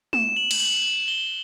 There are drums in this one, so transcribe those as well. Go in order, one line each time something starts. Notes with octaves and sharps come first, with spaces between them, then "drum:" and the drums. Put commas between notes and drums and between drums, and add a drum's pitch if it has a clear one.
E7, drum: tom
F#7
drum: cymbal
F#7
G7